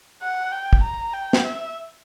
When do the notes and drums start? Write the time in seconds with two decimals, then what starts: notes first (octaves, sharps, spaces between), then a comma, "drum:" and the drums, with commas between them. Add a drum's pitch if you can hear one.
0.22 F#5
0.52 G5
0.73 drum: kick
0.83 A#5
1.13 G5
1.33 drum: snare
1.44 E5